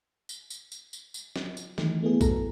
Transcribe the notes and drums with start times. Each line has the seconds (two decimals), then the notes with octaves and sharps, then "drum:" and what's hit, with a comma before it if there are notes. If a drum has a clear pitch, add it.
0.29 drum: tambourine
0.50 drum: tambourine
0.72 drum: tambourine
0.93 drum: tambourine
1.14 drum: tambourine
1.36 drum: snare
1.57 drum: tambourine
1.78 D#3 E3 A3, drum: snare
2.03 A3 B3 E4 G#4
2.21 F#2 F#4 A4 A#5, drum: kick A#1, tambourine